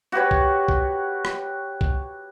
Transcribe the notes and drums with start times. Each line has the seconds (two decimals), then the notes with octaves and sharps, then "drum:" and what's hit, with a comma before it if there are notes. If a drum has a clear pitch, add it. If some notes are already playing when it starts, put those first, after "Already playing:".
0.12 F#4 G4 B4 C#5
0.31 drum: kick C2
0.68 drum: kick C2
1.25 drum: rim click
1.81 drum: kick C2